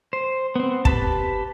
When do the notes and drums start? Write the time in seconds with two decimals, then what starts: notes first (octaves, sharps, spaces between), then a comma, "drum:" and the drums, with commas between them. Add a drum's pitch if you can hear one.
0.13 C5
0.56 B3 C4
0.85 G4 B4 A5, drum: kick